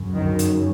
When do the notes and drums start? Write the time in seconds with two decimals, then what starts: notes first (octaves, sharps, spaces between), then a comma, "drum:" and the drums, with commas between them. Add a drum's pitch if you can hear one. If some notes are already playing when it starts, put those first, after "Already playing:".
Already playing: F#2 C#3
0.14 D#3
0.39 drum: hi-hat